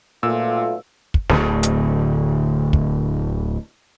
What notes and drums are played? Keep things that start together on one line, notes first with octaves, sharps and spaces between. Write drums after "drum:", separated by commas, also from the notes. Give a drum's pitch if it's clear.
B1 A#2 A3 F4 E6
drum: kick
D1 D2 A2, drum: snare
drum: hi-hat
drum: kick